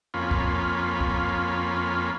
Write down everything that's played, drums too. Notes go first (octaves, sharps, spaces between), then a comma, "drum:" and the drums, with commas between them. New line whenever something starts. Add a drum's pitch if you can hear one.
F2 A#3 C#4 F4 B5
drum: kick
drum: kick